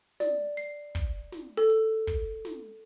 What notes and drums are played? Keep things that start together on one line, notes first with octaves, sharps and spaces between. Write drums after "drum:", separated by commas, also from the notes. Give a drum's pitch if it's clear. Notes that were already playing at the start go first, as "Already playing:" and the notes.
D5, drum: snare
C7, drum: open hi-hat
drum: kick, hi-hat
drum: snare
A4
drum: hi-hat
drum: kick, hi-hat
drum: snare